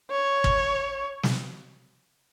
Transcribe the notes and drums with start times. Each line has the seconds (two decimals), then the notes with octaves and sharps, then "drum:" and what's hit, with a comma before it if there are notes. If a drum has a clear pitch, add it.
0.11 C#5
0.44 drum: kick
1.23 drum: snare